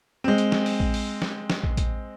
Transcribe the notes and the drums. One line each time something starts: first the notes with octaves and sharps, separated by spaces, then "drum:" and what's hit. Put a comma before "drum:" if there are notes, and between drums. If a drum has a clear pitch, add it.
G#3 C4
drum: hi-hat
drum: snare
drum: open hi-hat
drum: kick
drum: open hi-hat
drum: snare
drum: snare
drum: kick
drum: kick, hi-hat